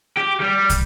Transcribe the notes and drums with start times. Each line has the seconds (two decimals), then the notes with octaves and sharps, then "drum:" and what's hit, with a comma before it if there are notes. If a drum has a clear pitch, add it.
0.17 G4
0.40 G3
0.70 drum: kick, hi-hat